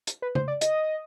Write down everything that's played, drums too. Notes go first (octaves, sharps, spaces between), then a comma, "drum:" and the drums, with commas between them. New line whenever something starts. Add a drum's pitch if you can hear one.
drum: hi-hat
B4
C5, drum: tom C#3
D5
D#5, drum: hi-hat